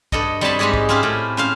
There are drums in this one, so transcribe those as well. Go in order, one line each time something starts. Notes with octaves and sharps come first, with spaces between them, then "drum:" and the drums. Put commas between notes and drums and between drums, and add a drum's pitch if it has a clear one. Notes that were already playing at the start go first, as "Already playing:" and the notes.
G2 A4 D#5, drum: kick
G3 C4 C#5 D#5 A5 B5
G#2 G3 G#3 G4 G#4
drum: kick
C4 C#4 E4 F4 G4 C5
A2
C#4 C5 F5